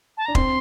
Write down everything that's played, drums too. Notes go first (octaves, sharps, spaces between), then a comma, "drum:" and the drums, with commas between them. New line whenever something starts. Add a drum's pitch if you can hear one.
A5
D4 A#5
C4 C6, drum: kick